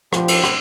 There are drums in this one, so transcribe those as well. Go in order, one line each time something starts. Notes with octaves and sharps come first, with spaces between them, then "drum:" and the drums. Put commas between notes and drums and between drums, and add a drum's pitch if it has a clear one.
F3 B3 D4 G4 C5, drum: rim click
drum: cymbal
drum: rim click